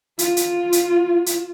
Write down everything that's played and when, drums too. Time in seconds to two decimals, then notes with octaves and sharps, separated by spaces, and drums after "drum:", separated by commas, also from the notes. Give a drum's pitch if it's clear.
0.19 F4, drum: hi-hat
0.37 drum: hi-hat
0.73 drum: hi-hat
1.26 drum: hi-hat